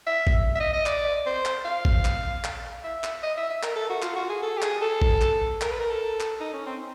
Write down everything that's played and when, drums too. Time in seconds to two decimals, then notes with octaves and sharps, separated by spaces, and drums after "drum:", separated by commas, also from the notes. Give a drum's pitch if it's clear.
0.07 E5
0.27 drum: kick
0.55 E5
0.60 D#5
0.73 D#5
0.86 D5, drum: clap
1.26 C5
1.45 drum: clap
1.65 F5
1.85 drum: kick
2.05 drum: clap
2.44 drum: clap
2.84 E5
3.04 drum: clap
3.23 D#5
3.37 E5
3.50 E5
3.63 A#4, drum: clap
3.76 A4
3.90 F#4
4.02 F4, drum: clap
4.16 F#4
4.29 G#4
4.43 A4
4.58 G4
4.62 G#4, drum: clap
4.82 A4
5.02 drum: kick
5.21 drum: clap
5.61 A#4, drum: clap
5.71 B4
5.80 A#4
5.91 A4
6.20 drum: clap
6.40 D#4
6.53 C#4
6.66 C4